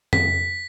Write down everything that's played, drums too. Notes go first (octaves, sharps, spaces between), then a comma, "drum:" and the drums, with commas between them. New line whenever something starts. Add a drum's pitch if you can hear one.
B6, drum: tom